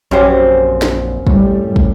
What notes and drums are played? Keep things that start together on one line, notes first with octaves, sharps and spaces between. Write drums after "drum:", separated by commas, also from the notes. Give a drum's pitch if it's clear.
A#1 F#2 F#3 C4 C#4 G4
drum: snare
A2 G3, drum: kick
drum: kick